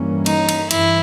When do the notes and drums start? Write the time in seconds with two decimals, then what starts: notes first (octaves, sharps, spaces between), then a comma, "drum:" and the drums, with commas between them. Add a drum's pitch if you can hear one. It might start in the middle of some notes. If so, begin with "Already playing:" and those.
Already playing: G2 E3 G3 A#3 C#4
0.26 D#4, drum: cymbal
0.49 drum: cymbal
0.71 G2 E3 E4, drum: cymbal